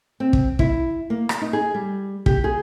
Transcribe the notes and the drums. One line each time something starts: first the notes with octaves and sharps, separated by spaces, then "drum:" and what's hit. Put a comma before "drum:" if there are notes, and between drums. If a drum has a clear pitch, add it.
C4
drum: kick
E4, drum: kick
A#3
drum: rim click
D#4
G#4
G3
G4, drum: kick
G#4